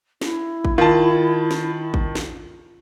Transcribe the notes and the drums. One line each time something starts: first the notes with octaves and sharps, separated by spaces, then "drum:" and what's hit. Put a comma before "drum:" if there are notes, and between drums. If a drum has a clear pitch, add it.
E4, drum: snare
drum: kick G#1
D#3 F4 A5
drum: snare
drum: kick G#1
drum: snare